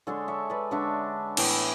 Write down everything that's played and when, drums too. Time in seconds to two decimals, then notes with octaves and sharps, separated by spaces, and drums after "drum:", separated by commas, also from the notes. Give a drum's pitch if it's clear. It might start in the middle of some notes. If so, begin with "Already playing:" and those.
0.07 D3 G#3 D4 A4 C#5
0.28 C#5 E5
0.50 B4 D5
0.71 D3 G#3 D4 C#5 E5
1.37 A2 E3 B3, drum: cymbal